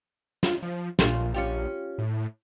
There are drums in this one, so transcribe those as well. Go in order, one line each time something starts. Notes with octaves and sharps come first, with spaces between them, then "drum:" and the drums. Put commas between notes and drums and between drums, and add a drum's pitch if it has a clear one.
F4, drum: snare
F3
A#1 A#2 F4, drum: snare
C#4 F4 G4
A2